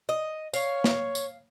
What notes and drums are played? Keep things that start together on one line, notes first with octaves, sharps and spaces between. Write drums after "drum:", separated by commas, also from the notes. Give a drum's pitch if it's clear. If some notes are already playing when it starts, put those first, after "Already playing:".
D#5
C#5 F5, drum: tambourine
drum: snare
drum: tambourine